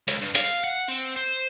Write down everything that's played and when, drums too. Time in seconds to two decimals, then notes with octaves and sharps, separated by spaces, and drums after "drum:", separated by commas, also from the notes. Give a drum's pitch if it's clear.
0.08 C#2, drum: hi-hat
0.22 G2
0.35 F5, drum: hi-hat
0.64 F#5
0.88 C4
1.16 C5